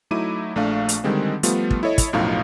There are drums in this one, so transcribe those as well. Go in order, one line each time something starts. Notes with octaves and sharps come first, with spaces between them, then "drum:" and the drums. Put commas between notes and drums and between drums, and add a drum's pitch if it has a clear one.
F#3 A3 D#4 E4 D6 D#7
A#1 A3 D4 F5 C#6
drum: hi-hat
D3 D#3 G3 G#3 C4
F3 G3 A3 B3 F4, drum: hi-hat
drum: kick
E4 A4 C#5 D#5
drum: kick, hi-hat
B1 F#2 A2 F3 D#4 F5